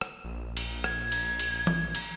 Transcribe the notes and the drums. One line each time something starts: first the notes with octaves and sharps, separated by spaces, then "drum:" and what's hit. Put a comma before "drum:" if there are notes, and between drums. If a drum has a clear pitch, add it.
drum: rim click
A#1
drum: cymbal
G#6, drum: rim click
drum: cymbal
drum: cymbal
drum: tom E3
drum: cymbal